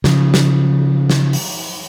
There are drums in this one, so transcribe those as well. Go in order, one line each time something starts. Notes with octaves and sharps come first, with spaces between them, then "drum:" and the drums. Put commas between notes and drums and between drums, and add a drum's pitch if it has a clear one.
C#3 F3, drum: snare
drum: snare
drum: snare
drum: open hi-hat